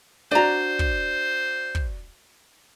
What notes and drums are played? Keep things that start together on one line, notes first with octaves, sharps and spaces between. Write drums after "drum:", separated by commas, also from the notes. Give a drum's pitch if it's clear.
D4 F#4 C5 D5 A#5
drum: kick
drum: kick